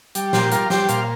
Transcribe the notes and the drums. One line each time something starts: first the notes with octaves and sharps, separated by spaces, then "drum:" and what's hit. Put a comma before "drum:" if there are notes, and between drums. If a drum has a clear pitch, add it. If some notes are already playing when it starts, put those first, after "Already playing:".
G3, drum: hi-hat
A#2 G4 C5, drum: snare
G3 F4 A#4, drum: hi-hat
G3 G4 C5, drum: snare
A#2 C5 F5, drum: hi-hat